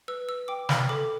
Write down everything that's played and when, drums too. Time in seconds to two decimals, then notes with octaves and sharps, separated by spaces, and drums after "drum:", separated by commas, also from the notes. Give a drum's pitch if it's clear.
0.08 B4 E6
0.29 E6
0.48 G5 D6
0.69 B5, drum: snare
0.89 A4 D6